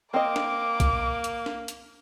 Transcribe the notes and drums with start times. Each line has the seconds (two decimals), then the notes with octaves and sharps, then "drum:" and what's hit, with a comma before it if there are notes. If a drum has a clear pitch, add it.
0.14 A#3 C4 D#5 D6
0.36 drum: snare
0.80 drum: kick B1, hi-hat
1.24 drum: hi-hat
1.46 drum: snare
1.68 drum: hi-hat